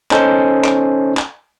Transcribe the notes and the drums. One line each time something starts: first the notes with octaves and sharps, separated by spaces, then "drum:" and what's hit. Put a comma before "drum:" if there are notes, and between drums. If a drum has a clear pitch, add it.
C#4 D#4 A4 C5, drum: clap
drum: clap
drum: clap